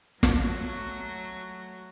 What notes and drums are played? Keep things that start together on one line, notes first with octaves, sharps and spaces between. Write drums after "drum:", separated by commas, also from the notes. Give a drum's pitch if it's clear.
F#3 A3 F#4, drum: snare